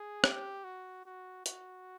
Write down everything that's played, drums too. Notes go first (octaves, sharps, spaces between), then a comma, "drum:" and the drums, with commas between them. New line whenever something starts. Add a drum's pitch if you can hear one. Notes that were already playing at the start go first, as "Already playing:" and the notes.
Already playing: G#4
G4, drum: rim click
F#4
F#4
F#4, drum: hi-hat